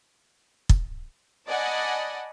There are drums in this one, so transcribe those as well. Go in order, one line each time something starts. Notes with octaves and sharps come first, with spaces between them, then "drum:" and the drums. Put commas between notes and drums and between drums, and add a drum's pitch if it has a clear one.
drum: kick
D5 D#5 F#5 G#5 A5 B5